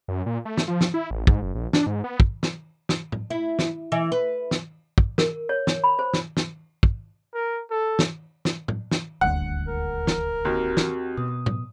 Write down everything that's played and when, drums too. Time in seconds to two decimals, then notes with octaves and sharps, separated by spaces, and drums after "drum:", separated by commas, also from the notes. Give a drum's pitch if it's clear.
0.08 F#2
0.26 A#2
0.45 A3
0.58 drum: snare
0.68 F3
0.81 drum: snare
0.94 E4
1.11 A1
1.27 G#2, drum: kick
1.42 F#1
1.55 A#1
1.73 D4, drum: snare
1.87 G#2
2.04 B3
2.20 drum: kick
2.43 drum: snare
2.89 drum: snare
3.12 drum: tom A2
3.30 E4
3.59 drum: snare
3.92 E3
4.12 B4
4.51 drum: snare
4.98 drum: kick
5.18 A#4, drum: snare
5.49 C#5
5.67 drum: snare
5.84 B5
5.99 C5
6.13 drum: snare
6.37 drum: snare
6.83 drum: kick
7.34 A#4
7.71 A4
7.99 drum: snare
8.45 drum: snare
8.68 drum: tom A2
8.91 drum: snare
9.21 D#1 G#1 D2 F#5
9.67 A#4
10.07 drum: snare
10.45 D#2 C4 F#4 G4
10.77 drum: snare
11.17 B2 D#6
11.46 drum: tom A2